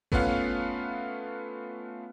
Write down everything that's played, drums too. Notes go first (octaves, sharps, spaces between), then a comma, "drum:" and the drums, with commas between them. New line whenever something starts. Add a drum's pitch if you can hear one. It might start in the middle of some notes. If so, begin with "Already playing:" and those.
A3 B3 C#4 F4 F5 F#5, drum: kick G#1